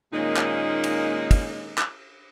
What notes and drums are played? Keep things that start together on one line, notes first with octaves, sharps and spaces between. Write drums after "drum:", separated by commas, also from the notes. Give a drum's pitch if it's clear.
A#2 D#3 G#3 A#3 C#4 D#4
drum: clap
drum: cymbal
drum: kick, cymbal
drum: clap